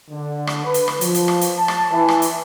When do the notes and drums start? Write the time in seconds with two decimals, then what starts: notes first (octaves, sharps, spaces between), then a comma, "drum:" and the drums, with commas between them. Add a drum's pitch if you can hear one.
0.11 D3
0.47 drum: rim click
0.65 B4
0.74 drum: hi-hat
0.88 drum: rim click
1.01 F3, drum: hi-hat
1.14 drum: hi-hat
1.28 drum: rim click
1.41 drum: hi-hat
1.58 A5
1.68 drum: rim click
1.92 E3
2.08 drum: rim click
2.22 drum: hi-hat